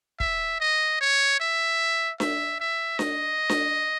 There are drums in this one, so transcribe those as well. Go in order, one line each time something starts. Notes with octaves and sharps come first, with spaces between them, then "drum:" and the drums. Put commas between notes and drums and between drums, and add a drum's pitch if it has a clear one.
E5, drum: kick
D#5
C#5
E5
E5, drum: snare D4
E5
D#5, drum: snare D4
drum: snare D4